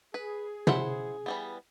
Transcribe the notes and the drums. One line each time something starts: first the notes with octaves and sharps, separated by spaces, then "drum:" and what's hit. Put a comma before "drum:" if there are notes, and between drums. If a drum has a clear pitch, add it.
G#4 B4
E4 C5 F#5, drum: tom
E3 G3 B3